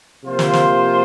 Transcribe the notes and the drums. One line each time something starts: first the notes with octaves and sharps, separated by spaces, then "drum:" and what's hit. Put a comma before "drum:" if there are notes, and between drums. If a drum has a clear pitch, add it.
C3 F3 A#3 F4 C5
drum: snare
drum: snare